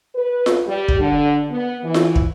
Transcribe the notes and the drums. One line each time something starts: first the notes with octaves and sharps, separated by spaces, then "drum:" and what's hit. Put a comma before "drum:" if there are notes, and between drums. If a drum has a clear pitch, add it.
B4
drum: snare F4
G3
drum: kick
D3
B3
E3
drum: snare F4
drum: kick